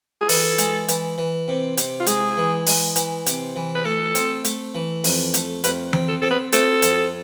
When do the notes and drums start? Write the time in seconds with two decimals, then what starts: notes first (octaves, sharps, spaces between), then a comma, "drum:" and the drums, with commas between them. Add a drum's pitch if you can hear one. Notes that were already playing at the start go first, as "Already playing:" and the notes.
0.21 G#4
0.29 E3 A4, drum: open hi-hat
0.58 G#3, drum: hi-hat
0.88 E3, drum: hi-hat
1.18 E3
1.48 C3
1.77 C3, drum: hi-hat
2.00 F4
2.06 G#3 G#4, drum: hi-hat
2.37 E3
2.66 G#3, drum: open hi-hat
2.96 E3, drum: hi-hat
3.26 C3, drum: hi-hat
3.56 E3
3.75 B4
3.85 A3 A4
4.15 C4, drum: hi-hat
4.44 A3, drum: hi-hat
4.75 E3
5.04 F2, drum: open hi-hat
5.34 A3, drum: hi-hat
5.64 F2 B4, drum: hi-hat
5.93 C4, drum: tom E3
6.08 A4
6.21 C4 A4
6.30 B4
6.52 C4 A4, drum: hi-hat
6.82 F2, drum: hi-hat